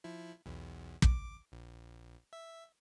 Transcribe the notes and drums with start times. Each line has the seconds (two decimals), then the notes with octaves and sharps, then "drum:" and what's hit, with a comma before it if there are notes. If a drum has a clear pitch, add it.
0.04 F3 E4
0.46 B1 E2
1.02 D6, drum: kick
1.52 A#1
2.33 E5